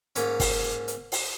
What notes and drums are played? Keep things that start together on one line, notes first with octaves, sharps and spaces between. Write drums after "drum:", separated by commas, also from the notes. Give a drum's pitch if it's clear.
G#2 A#3 C#4, drum: hi-hat
drum: kick, open hi-hat
drum: hi-hat
drum: open hi-hat